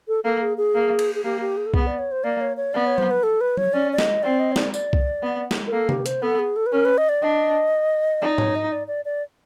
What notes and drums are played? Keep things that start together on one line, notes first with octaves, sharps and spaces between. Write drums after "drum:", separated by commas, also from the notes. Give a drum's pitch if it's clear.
A4
A#3 A4
G#4
G#4
A#3
drum: cymbal
G#4
A#3 G4
G4
G#4
A4
B3 G#4, drum: kick C2
D5
C#5
C5
A#3 D5
C#5
C#5
B3 D5
C#5
C5, drum: tom F#3
B4
A4
B4
C#5, drum: tom F#3
C#4 D5
D5
D#5, drum: snare
C4 D5
D#5
C#5
D5, drum: snare
D5, drum: tambourine
drum: kick C2
B3
drum: snare
A#4
A#3 A4
G4, drum: tom C3
C5, drum: hi-hat
B3 A4
G#4
A4
B4
C#4 A#4
B4
D#5
D5
D4 D#5
D#4 D5
C#5, drum: tom G#2
D#5
D5
D5
D5